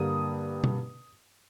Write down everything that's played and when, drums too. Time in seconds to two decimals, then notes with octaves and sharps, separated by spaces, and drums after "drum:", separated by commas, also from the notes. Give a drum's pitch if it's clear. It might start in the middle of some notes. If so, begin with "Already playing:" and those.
Already playing: G2 D3 G3 A#3 D#6
0.64 drum: tom B2